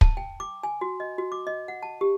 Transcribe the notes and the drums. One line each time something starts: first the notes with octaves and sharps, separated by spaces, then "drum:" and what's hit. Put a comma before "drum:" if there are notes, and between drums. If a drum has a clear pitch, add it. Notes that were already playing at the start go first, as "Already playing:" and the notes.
A5, drum: kick
G5
D6
G#5
F#4
D#5
F#4
D6
D#5
F#5
A5
G4